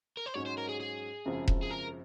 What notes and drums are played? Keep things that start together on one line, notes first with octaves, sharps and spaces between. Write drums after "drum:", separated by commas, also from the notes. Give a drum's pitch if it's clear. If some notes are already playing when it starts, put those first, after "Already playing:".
A#4
C5
G#2 F#3 C#4 C#5
C5
A#4
G#4
G#4
G#1 F#2 C#3 F3
drum: kick E1
G#4
A#4